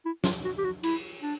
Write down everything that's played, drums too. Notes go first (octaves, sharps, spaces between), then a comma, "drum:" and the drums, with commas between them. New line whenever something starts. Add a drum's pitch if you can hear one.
E4
F4, drum: snare
F#4
G4
F#4
E4, drum: cymbal
D4